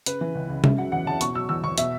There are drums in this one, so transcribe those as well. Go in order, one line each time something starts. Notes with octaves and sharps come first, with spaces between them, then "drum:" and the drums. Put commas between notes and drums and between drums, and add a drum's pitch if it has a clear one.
C#3 B4, drum: hi-hat
E3
C#2
C#2
C#3 E5, drum: tom C3
F#3 F#5
E2 F#5
E2 A5
B2 C#6, drum: hi-hat
F#3 E6
E2 E6
E2 C#6
B2 E5, drum: hi-hat